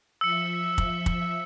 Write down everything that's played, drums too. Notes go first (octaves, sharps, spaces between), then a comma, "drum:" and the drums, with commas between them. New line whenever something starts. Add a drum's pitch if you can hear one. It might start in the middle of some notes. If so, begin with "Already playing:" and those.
F3 E5 E6 C#7
drum: kick
drum: kick